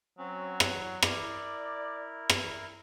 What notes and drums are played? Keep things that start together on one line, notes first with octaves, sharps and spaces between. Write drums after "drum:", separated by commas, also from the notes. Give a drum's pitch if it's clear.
F#3 C4 C#4
drum: rim click
E4 A#4 D5, drum: rim click
drum: rim click